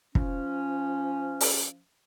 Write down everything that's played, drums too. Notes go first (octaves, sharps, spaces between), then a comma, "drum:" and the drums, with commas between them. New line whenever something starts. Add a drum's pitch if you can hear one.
F3 C#4, drum: kick
drum: open hi-hat